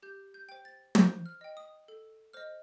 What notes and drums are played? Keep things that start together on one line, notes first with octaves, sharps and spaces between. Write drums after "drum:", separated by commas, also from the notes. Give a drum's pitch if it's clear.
G4 G6
G6
C5 G5
A6
C5 G6, drum: tom
F6
D#5 G5
D#6
A4
C5 D#5 F6